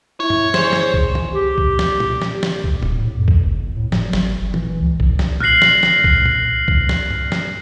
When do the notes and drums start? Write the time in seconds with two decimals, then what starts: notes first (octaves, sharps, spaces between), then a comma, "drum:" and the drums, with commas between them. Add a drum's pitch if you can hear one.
0.20 E4 C#5
0.30 drum: tom G2
0.54 G#4 C5, drum: snare
0.73 drum: snare
0.94 drum: kick C2
1.15 drum: tom
1.33 G4
1.58 drum: kick C2
1.79 drum: snare
2.00 drum: tom
2.22 drum: snare
2.43 drum: snare
2.64 drum: kick C2
2.83 D1, drum: tom
2.98 A2
3.18 F2
3.28 drum: kick C2
3.44 G1
3.76 A2
3.92 F#3, drum: snare
4.13 G#1, drum: snare
4.41 G#1
4.54 E3, drum: tom
4.81 C#2
5.00 B1, drum: kick C2
5.19 drum: snare
5.40 F6 F#6 A#6 C7 F#7, drum: tom
5.62 drum: snare
5.83 drum: snare
6.04 drum: kick C2
6.25 drum: tom A#2
6.68 drum: kick C2
6.89 drum: snare
7.11 drum: tom G2
7.32 drum: snare